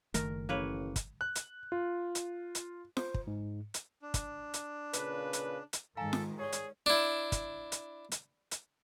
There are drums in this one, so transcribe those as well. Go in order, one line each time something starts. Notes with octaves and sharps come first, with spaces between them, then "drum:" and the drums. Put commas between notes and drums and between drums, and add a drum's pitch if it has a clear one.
F#1 D#3 A3 A#4, drum: hi-hat
A1 A#3 B4 C#5
drum: kick, hi-hat
F#6
drum: hi-hat
F4
drum: hi-hat
drum: hi-hat
C5, drum: snare F4
drum: kick
G#2
drum: hi-hat
D4
drum: kick, hi-hat
drum: hi-hat
A#2 C#3 B4, drum: hi-hat
drum: hi-hat
drum: hi-hat
G#2 D#3 A4 F5 G#5 A#5
drum: snare F4
G4 G#4 C#5 D5
drum: hi-hat
D4 E4
drum: kick, hi-hat
drum: hi-hat
drum: hi-hat
drum: hi-hat